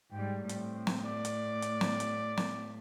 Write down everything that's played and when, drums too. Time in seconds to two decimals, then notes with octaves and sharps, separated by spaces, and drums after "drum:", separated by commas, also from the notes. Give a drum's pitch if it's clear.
0.12 G#2 G3 G5
0.49 A2 C4, drum: hi-hat
0.87 drum: snare
1.05 D5
1.25 drum: hi-hat
1.62 drum: hi-hat
1.81 drum: snare
2.00 drum: hi-hat
2.38 drum: snare